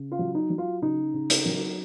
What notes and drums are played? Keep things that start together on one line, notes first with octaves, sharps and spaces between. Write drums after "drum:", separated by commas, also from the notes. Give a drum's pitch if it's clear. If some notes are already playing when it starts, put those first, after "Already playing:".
Already playing: C#3
F4
F#3
D#4
F#3
F4
C#3 D#4
C#3
drum: hi-hat
F#3